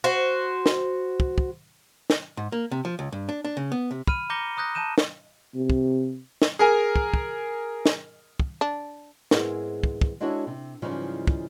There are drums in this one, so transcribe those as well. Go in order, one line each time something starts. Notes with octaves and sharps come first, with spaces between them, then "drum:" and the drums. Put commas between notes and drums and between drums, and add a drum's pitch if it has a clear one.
F#4 C5
drum: snare
drum: kick
drum: kick
drum: snare
G#2
A#3
C3
F3
C#2
G2
D4
D4
C#3
B3
C3
B5 F6 D#7, drum: kick
A#5 D6 G6 A#6 C#7 G7
A#5 D#6 F#6 G6 A#6
A5 A#5 G6 D#7 E7
drum: snare
C3
drum: kick
drum: snare
G#4 A#4 G#5
drum: kick
drum: kick
drum: snare
drum: kick
D4
G#2 B3 C4 E4 G#4 A#4, drum: snare
drum: kick
drum: kick
G#3 D4 E4 F#4 A4 C#5
C3
G#2 C#3 E3 F3 G3 D#4
drum: kick